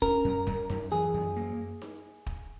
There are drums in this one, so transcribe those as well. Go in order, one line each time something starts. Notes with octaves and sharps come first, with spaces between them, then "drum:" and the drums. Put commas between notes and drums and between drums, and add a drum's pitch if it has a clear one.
C#4 A#4, drum: kick
F#2
F#2, drum: kick
F#2, drum: snare D#4
E3 G#4
F#2
A#3
drum: snare D#4
drum: kick